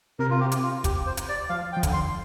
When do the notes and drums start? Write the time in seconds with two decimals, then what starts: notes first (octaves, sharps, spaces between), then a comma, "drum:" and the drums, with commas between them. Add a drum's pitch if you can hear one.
0.19 C3 A#4
0.30 F4
0.40 G4
0.52 drum: hi-hat
0.63 F4
0.84 G4, drum: kick, hi-hat
1.07 C5
1.17 drum: hi-hat
1.29 D5
1.50 F3 F5
1.72 G5
1.77 F3
1.83 D3, drum: kick, hi-hat
1.93 C6